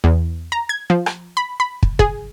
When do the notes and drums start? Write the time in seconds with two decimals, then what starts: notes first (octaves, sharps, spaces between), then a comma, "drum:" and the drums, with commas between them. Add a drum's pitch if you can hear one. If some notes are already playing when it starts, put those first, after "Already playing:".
0.04 E2
0.52 A#5
0.69 G#6
0.90 F3
1.06 drum: rim click
1.37 B5
1.60 B5
1.83 drum: kick
1.99 G#4, drum: kick